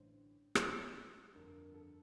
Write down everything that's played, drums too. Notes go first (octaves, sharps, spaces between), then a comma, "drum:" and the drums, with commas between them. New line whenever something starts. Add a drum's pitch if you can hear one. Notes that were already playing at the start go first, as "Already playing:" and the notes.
Already playing: A1 G2 D3 C5
drum: rim click
G1 F2 D3 A#4
A#4
A4